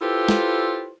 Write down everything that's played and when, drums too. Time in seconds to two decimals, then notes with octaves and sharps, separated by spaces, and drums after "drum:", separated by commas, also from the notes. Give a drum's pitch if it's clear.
0.01 E4 F4 G4 A4 B4 C5
0.29 drum: snare